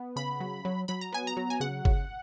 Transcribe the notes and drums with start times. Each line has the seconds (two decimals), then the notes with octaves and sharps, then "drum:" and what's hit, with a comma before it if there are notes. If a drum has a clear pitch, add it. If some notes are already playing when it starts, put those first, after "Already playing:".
Already playing: B3
0.16 C#3 B5
0.40 F#3
0.65 F#3
0.88 F#3 B5
1.01 A#5
1.12 B3 G#5
1.27 A#5
1.37 F#3
1.50 G#5
1.60 C#3 F#5
1.85 C#3, drum: kick